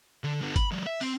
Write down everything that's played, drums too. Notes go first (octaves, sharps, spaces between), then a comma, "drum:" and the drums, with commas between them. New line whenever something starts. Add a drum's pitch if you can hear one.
D3
D3 B3
B5, drum: kick G1, hi-hat
F#3 G#3
E5
C4, drum: open hi-hat